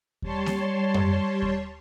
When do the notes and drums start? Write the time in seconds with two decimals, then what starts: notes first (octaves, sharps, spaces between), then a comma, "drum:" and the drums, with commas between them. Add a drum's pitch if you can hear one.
0.22 G3 C#5 A5 C6, drum: kick D#2
0.46 drum: snare A#3
0.94 drum: tom F#2
1.42 drum: kick D#2